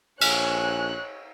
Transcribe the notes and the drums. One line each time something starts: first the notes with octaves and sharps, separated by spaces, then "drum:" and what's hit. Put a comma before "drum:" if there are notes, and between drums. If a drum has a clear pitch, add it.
A#1 C#5 G#5 F#6, drum: cymbal